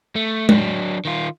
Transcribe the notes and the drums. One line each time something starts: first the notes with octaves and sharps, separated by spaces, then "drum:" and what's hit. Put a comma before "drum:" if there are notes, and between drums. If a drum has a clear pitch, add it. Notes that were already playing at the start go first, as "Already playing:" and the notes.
A3
F#3 D4, drum: tom G#3
D#3 F4